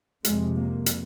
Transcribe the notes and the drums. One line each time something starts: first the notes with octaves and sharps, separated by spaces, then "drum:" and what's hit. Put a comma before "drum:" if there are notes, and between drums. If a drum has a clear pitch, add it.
F2 C3 G#3, drum: hi-hat
A#3
drum: hi-hat